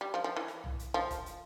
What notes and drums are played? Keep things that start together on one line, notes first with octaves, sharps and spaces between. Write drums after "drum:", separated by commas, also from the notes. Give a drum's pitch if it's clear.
G3
F3
F3
E3
drum: rim click
drum: tom B1
drum: hi-hat
F3
drum: kick, hi-hat
drum: hi-hat